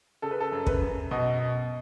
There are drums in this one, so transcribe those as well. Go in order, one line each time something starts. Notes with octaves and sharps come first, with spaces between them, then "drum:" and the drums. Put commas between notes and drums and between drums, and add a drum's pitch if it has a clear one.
C#3 A4
B4
A4
F#2
B4, drum: kick
F#2
B2 D#5